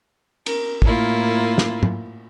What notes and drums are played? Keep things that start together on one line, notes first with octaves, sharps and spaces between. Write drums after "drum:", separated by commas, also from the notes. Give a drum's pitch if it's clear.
A#4, drum: cymbal
A2 A#3 E4 F4, drum: kick
drum: snare
drum: tom